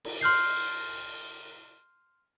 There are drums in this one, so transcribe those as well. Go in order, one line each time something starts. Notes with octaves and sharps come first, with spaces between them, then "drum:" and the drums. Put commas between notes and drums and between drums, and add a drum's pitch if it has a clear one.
drum: cymbal
C6 F6 G6 C7